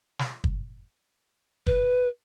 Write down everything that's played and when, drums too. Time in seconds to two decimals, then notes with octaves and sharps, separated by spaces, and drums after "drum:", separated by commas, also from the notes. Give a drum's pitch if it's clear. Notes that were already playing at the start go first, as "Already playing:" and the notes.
0.19 drum: snare
0.44 drum: kick
1.67 B4, drum: kick